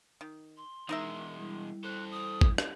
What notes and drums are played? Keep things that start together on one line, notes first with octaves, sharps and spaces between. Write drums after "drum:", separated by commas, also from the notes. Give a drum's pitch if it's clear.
D#3
C6
E2 G#3 D#4 A#4 E5
G3 E4
A4 C5 F#6
D#6
drum: kick G#1
drum: rim click